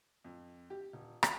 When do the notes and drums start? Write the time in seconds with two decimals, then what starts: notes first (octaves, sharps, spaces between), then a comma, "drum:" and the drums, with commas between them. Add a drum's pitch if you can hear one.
0.25 F2
0.70 G4
0.93 D#1
1.23 G#4, drum: rim click